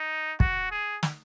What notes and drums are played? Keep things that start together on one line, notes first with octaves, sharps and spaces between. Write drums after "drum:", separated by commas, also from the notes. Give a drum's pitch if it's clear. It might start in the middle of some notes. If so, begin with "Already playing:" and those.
Already playing: D#4
F#4, drum: kick
G#4
drum: snare